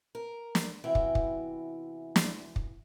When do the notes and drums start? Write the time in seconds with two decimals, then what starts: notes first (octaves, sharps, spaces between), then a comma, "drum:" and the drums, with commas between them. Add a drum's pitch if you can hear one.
0.15 A#4
0.55 drum: snare
0.84 E2 C3 E3 F#4 E5 G5
0.95 drum: kick
1.15 drum: kick
2.16 drum: snare
2.56 drum: kick